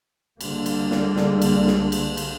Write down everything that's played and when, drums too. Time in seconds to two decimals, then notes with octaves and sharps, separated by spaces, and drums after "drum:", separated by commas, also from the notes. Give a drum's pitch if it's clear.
0.41 C2 D3 G3 G#3 A#3, drum: cymbal
0.66 drum: cymbal
0.91 drum: snare
1.16 drum: snare
1.42 drum: cymbal
1.67 drum: snare
1.92 drum: cymbal
2.17 drum: cymbal